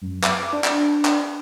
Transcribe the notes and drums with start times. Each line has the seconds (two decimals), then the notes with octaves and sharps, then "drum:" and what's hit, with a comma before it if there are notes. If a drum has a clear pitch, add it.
0.02 F#2
0.24 D6, drum: clap
0.53 D4
0.64 drum: clap
1.05 drum: clap